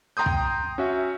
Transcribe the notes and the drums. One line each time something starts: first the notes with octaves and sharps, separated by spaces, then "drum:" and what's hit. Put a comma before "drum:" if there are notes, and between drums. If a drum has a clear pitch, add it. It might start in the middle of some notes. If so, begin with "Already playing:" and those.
G5 A#5 C6 D#6 G6
drum: kick
C#4 F#4 E5